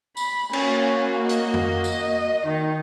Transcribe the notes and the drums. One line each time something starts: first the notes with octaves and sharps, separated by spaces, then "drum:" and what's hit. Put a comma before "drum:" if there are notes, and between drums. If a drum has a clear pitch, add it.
B5, drum: tambourine
A#3 C#4 F#4, drum: cymbal
D#5, drum: hi-hat
drum: tom F2
drum: tambourine
D#3